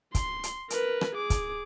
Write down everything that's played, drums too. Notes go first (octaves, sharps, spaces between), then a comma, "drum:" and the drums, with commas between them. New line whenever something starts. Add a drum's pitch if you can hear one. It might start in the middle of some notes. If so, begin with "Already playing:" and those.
C6, drum: kick, hi-hat
drum: hi-hat
A#4 B4, drum: hi-hat
drum: rim click
G#4 D6
drum: kick, hi-hat